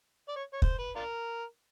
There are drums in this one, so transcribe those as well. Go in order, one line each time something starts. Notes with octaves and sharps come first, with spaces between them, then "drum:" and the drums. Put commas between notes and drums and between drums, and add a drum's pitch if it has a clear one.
D5
C#5
C#5
C5, drum: kick
B4
D4 F4 A#4